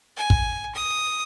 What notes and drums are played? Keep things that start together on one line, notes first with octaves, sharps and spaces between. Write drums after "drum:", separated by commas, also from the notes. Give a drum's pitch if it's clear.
G#5
drum: kick
D#6